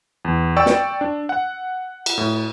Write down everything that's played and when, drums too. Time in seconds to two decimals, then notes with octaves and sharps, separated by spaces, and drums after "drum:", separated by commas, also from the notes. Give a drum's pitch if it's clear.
0.25 E2
0.57 D5 G5 C#6 E6
0.66 drum: snare
1.01 D4
1.29 F#5
2.06 drum: cymbal
2.18 A2